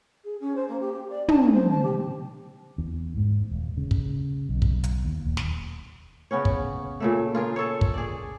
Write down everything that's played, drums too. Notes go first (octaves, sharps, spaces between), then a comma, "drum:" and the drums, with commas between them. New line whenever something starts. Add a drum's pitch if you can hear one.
G#4
C#4
C5
A#3
G4
G4
D5
A5, drum: tom
C#4
C5
A5
G4
E2
G#2
D#1
C#3
drum: kick
B1
drum: kick
drum: hi-hat
D#2
D#1
drum: snare
C#3 B3 C#4 C#5
drum: kick
A#2 C#3 A3
F4 G#4 A#4
A4 C#5
drum: kick
G#4 D5